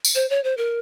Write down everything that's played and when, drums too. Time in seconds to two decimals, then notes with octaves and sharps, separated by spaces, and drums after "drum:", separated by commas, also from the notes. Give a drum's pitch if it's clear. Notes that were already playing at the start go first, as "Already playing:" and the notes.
0.05 drum: tambourine
0.15 C5
0.30 C#5
0.44 C5
0.57 A#4